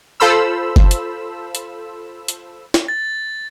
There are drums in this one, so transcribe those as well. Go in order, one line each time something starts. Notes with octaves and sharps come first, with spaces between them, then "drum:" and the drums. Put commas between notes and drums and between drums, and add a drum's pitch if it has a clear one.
F4 A4 C5 B5 E6
drum: kick F#1
drum: hi-hat
drum: hi-hat
drum: hi-hat
drum: snare
A6